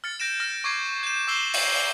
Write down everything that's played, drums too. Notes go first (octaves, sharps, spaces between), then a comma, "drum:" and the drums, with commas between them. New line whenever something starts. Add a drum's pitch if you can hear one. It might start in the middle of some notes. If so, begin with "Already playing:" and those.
F6 A6 C#7
G6 A#6 D7 E7
F6 A#6
C#6 D6 G#6 C7
G6 E7
D6 E6 C7 G7
drum: open hi-hat